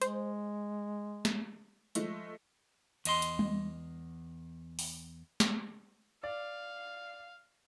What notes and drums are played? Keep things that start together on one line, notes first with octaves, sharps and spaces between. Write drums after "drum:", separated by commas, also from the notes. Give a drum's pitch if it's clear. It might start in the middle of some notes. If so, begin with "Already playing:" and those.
G#3 C5, drum: hi-hat
drum: snare
F3 G#3 A3, drum: hi-hat
E2 D#5 C6, drum: cymbal
drum: hi-hat
drum: tom G3
drum: open hi-hat
drum: snare
D5 F5